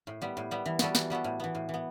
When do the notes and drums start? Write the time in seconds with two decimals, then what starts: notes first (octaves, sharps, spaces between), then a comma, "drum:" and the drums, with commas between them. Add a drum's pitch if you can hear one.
0.07 A2
0.22 G3 B3
0.37 A2
0.51 G3 B3
0.66 E3
0.79 G3 B3 F#4 A4, drum: snare
0.95 E3, drum: snare
1.10 G3 B3 F#4 A4
1.24 A2
1.40 E3 B3
1.55 A2
1.69 E3 B3